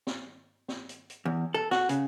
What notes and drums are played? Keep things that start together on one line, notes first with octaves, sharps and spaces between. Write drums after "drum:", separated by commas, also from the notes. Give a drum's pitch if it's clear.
drum: snare
drum: snare
drum: hi-hat
drum: hi-hat
E2
A4
F#4, drum: snare
C#3, drum: hi-hat